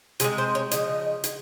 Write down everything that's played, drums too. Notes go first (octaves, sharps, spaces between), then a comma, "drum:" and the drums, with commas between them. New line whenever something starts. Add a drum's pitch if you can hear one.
C3 F3 G#3 G#4, drum: hi-hat
C5
C#5
C#3 F3 D#5, drum: hi-hat
drum: hi-hat